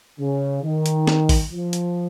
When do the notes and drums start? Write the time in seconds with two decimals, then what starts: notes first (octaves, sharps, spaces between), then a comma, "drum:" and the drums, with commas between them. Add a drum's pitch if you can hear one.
0.20 C#3
0.64 D#3
0.86 drum: hi-hat
1.07 drum: snare
1.29 drum: kick A1, open hi-hat
1.51 F3
1.73 drum: hi-hat